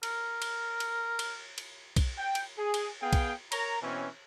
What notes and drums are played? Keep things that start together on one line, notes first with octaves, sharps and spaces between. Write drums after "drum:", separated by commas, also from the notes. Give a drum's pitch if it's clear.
A#4, drum: cymbal
drum: cymbal
drum: cymbal
drum: cymbal
drum: cymbal
drum: kick B1, cymbal
G5
drum: cymbal
G#4
drum: cymbal
B3 G#4 F5 G5
drum: kick B1, cymbal
A#4 C#5 A#5, drum: cymbal
B2 E3 C4 C#4